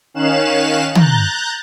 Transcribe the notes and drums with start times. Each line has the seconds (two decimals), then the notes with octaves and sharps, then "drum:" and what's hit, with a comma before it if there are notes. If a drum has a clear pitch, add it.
0.14 D#3 C#4 F5 F#6 E7
0.95 A#5 F#6 G6 A6, drum: tom